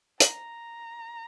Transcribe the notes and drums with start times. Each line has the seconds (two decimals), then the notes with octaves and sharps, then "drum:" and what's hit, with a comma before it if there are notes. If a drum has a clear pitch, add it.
0.20 A#5, drum: hi-hat